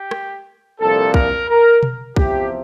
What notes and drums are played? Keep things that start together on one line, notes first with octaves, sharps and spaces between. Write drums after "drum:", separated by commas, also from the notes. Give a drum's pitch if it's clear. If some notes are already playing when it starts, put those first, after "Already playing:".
Already playing: G4
drum: rim click
C2 A#2 F3 A4
A#4, drum: kick
A#4
drum: tom B2
E2 C3 F3 G4, drum: kick